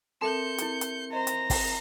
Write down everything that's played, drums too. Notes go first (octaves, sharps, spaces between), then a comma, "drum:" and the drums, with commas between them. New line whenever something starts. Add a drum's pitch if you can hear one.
C4 A4 A#4 E5 A5 C6 G6 C#7
E4 G#4, drum: hi-hat
drum: hi-hat
C5 D#5 A#5
drum: hi-hat
drum: kick, open hi-hat